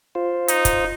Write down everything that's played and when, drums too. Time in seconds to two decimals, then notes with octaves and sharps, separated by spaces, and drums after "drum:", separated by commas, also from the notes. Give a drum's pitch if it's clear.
0.15 F4 C5
0.48 D#4, drum: hi-hat
0.65 drum: kick, hi-hat